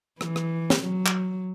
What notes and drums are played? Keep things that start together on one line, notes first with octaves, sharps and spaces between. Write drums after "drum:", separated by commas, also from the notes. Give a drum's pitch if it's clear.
E3, drum: rim click
drum: rim click
drum: snare
F#3
drum: clap